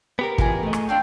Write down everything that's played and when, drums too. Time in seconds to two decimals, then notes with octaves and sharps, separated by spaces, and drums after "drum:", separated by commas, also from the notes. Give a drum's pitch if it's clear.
0.19 B3 G4 A#4
0.38 C#2 E3 F4 G#4 A#5, drum: kick
0.63 A3 D#5
0.73 drum: rim click
0.89 C4 D4 F4 G5